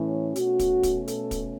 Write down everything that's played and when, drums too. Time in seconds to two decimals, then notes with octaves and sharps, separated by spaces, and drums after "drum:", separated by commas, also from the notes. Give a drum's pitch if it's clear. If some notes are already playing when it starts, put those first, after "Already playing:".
Already playing: A2 E3 C#4
0.36 B2 A3 C#4 F#4, drum: hi-hat
0.59 drum: kick, hi-hat
0.83 drum: kick, hi-hat
1.08 A4, drum: hi-hat
1.31 drum: kick, hi-hat